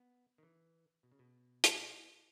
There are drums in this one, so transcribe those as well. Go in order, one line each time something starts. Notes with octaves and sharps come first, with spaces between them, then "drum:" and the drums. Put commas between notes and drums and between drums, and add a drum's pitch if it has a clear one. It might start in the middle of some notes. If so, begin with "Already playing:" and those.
Already playing: B3
D#3
E3
B2
C#3
B2
drum: hi-hat